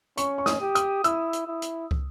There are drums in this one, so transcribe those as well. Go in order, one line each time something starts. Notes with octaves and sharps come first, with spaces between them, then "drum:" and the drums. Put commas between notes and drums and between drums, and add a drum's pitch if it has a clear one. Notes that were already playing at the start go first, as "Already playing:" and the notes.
C#4 C#6, drum: hi-hat
C#6
D#6, drum: snare
G4
D#6, drum: hi-hat
E4 E6, drum: hi-hat
drum: hi-hat
E4
drum: hi-hat
drum: kick